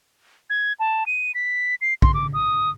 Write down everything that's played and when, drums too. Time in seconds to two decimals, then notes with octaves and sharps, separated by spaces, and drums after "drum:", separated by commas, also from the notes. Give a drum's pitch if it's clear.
0.50 G#6
0.80 A5
1.06 D#7
1.34 B6
1.81 C7
2.02 C6, drum: kick
2.14 D6
2.33 D#6